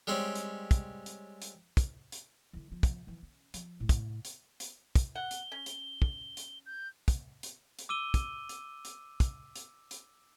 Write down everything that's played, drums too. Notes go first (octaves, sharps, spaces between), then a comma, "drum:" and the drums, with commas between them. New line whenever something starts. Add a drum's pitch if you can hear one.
G3 G#3 C4 C#4
drum: hi-hat
drum: kick, hi-hat
drum: hi-hat
drum: hi-hat
drum: kick, hi-hat
drum: hi-hat
D3 E3
F3
drum: kick, hi-hat
E3 F3
C#4
F3, drum: hi-hat
A2 A3
drum: kick, hi-hat
drum: hi-hat
drum: hi-hat
drum: kick, hi-hat
F#5 G7
drum: hi-hat
C#4
drum: hi-hat
drum: kick
drum: hi-hat
G6
drum: kick, hi-hat
drum: hi-hat
drum: hi-hat
D6 E6 D#7 G7
drum: kick, hi-hat
drum: hi-hat
drum: hi-hat
drum: kick, hi-hat
drum: hi-hat
drum: hi-hat